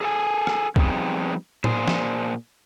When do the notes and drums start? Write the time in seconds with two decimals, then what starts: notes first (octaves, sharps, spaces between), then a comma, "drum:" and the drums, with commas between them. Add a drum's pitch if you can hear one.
0.01 G#4 A4 F#5 G#5
0.47 drum: rim click
0.76 F3 G3 B3 C4 D#4 G#4, drum: kick
1.64 A#2 G#4 C5, drum: tom A2
1.88 drum: snare